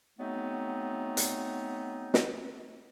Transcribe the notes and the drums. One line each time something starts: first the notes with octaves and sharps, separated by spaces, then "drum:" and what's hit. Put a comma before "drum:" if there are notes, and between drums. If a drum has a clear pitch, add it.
F#3 G#3 A3 B3 C4 D#4
drum: hi-hat
drum: snare